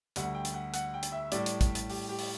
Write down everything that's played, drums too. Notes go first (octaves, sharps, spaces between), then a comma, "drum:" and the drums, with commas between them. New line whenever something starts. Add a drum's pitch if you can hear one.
D2 D3 G3 F#5, drum: hi-hat
G5
drum: hi-hat
F#5
F#5, drum: hi-hat
G5
drum: hi-hat
E5
A2 G3 D5, drum: hi-hat
drum: hi-hat
drum: kick A#1, hi-hat
drum: hi-hat
G4, drum: open hi-hat
G4
drum: open hi-hat